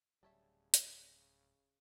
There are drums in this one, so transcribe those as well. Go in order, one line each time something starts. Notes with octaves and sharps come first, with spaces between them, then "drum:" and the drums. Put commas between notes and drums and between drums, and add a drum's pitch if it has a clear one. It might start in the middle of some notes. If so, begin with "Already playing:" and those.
D1 C#3 G3 A4 C#5 E5
drum: hi-hat